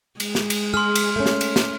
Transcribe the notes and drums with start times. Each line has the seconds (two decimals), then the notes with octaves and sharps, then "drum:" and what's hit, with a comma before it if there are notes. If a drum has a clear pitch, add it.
0.20 G#3, drum: cymbal
0.35 drum: snare
0.50 drum: cymbal
0.74 G#4 C6 F6
0.95 drum: cymbal
1.16 A3 C#4
1.26 drum: snare
1.41 drum: cymbal
1.56 drum: snare